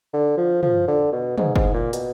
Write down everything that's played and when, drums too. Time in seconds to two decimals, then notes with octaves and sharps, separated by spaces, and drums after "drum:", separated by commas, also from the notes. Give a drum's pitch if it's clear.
0.13 D3
0.37 F3
0.63 F3, drum: tom
0.88 D3
1.12 B2
1.38 G#2, drum: tom
1.56 G#2, drum: kick
1.74 A#2
1.93 B2, drum: hi-hat